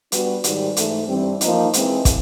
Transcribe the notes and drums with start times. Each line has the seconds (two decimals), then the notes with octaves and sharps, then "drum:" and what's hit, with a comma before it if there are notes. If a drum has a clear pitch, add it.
0.12 G3 B3 D4 F#4 B4, drum: hi-hat
0.44 G#2 D#3 G3, drum: hi-hat
0.77 G#2 E3 A3, drum: hi-hat
1.08 G2 E3 G3 C4
1.41 F3 A#3 D#4, drum: hi-hat
1.73 E3 G#3 C4, drum: hi-hat
2.05 drum: kick, hi-hat